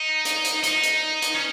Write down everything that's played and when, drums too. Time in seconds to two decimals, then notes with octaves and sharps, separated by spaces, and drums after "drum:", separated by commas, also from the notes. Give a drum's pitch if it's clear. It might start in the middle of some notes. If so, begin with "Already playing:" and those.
Already playing: D#4
0.25 drum: hi-hat
0.44 drum: hi-hat
0.63 D#4, drum: hi-hat
0.83 drum: hi-hat
1.22 drum: hi-hat
1.34 C#4